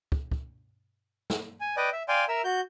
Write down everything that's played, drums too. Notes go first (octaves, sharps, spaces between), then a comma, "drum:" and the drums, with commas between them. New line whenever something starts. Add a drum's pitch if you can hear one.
drum: kick
drum: kick
drum: snare
G#5
B4 D5 D#5 G5
E5
D5 F5 G5 G#5 C6
A#4 E5 E6
F#4 G6